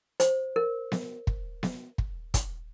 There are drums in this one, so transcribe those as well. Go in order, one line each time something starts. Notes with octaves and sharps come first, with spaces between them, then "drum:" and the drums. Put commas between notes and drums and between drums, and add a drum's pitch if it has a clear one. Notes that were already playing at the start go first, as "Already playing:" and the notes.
C5, drum: hi-hat
A#4
drum: snare B3
drum: kick
drum: snare B3
drum: kick
drum: kick, hi-hat